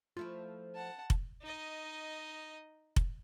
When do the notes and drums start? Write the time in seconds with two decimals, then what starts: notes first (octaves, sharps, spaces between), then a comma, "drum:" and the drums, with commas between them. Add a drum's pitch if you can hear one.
0.17 F3 A3 E4 F4
0.75 F#5 A5
1.10 drum: kick F1
1.42 D#4 D#5
2.96 drum: kick F1